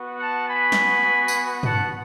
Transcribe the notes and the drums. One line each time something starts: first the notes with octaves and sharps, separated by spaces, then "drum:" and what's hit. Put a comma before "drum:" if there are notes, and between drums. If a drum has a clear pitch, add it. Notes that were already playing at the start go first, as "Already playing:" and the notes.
Already playing: B3 F#4
F#5 A5
G#5 B5
drum: snare
drum: tambourine
F#5 A5, drum: tom